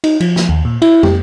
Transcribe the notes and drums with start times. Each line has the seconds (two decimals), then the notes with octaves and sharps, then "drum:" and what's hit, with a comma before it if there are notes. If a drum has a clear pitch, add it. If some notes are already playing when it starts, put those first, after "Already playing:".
0.04 D#4, drum: cymbal
0.20 F3, drum: cymbal
0.36 drum: snare
0.49 D#2
0.65 A#2
0.82 E4, drum: cymbal
1.03 G4, drum: tom